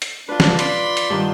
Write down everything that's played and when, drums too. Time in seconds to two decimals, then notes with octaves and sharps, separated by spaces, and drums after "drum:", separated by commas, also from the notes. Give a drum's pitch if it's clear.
0.02 drum: hi-hat
0.29 D4 F4 B4
0.40 drum: snare
0.59 D5 B5 C6, drum: hi-hat
0.97 drum: hi-hat
1.10 G2 D#3 F4